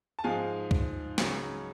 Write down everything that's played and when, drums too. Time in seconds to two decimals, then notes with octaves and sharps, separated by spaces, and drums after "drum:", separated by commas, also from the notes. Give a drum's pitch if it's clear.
0.19 A5
0.24 G#2 F3 G#3 F5 G#5
0.71 drum: kick
1.18 C#2 C#3 F#3 C#4, drum: snare